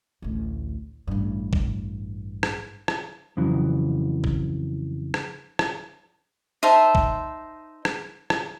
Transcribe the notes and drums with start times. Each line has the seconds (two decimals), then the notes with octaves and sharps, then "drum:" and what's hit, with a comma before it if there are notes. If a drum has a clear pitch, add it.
0.22 A1 D2
1.07 A1 G2
1.53 drum: kick A#1
2.43 drum: rim click
2.88 drum: rim click
3.37 F2 C#3 E3 F#3
4.24 drum: kick A#1
5.14 drum: rim click
5.59 drum: rim click
6.63 D#4 C5 E5 A5
6.95 drum: kick A#1
7.85 drum: rim click
8.30 drum: rim click